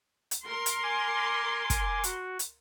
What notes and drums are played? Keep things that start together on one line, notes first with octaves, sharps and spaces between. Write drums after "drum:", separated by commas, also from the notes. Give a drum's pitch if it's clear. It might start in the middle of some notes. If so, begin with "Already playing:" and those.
drum: hi-hat
A#4 C6
drum: hi-hat
G#5 D6
drum: kick, hi-hat
F#4, drum: hi-hat
drum: hi-hat